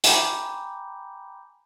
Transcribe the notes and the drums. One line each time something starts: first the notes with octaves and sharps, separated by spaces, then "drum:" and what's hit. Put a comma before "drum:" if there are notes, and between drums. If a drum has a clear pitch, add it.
G5 G#5 A#5 B5 D6 G6, drum: hi-hat